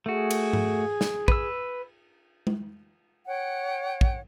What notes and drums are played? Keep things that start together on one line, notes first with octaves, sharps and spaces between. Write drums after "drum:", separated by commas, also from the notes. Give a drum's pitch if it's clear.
A3 F#4 G#4
drum: cymbal
drum: tom G#2
drum: snare
B4 E6, drum: kick
drum: tom G#3
C#5 F#5 G5
drum: kick